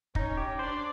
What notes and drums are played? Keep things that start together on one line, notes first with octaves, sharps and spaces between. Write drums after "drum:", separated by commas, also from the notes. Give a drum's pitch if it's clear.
C#4 D#4 C#5, drum: kick
G4
D4 C5 D5